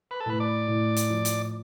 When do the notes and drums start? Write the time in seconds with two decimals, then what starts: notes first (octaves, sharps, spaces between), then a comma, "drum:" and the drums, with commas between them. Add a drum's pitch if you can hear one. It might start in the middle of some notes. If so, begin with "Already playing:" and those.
0.11 B4
0.20 A4
0.26 A2 B4
0.40 D5
0.68 A2
0.96 drum: hi-hat
1.10 F3
1.25 drum: hi-hat